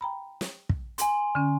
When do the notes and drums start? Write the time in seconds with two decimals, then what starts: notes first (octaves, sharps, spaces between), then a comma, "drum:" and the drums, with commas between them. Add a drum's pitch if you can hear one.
0.01 G5 A#5 B5
0.41 drum: snare
0.69 drum: kick
0.98 G#5 C6, drum: hi-hat
1.35 D3 C#4